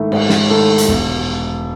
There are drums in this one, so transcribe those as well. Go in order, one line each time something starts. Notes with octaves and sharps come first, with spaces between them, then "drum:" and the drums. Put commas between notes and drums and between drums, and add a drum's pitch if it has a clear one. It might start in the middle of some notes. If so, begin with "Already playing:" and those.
Already playing: G#2 D#3 A3 E4 A4
G#2, drum: cymbal
drum: snare
D#3 A3 E4 A4
drum: hi-hat
E1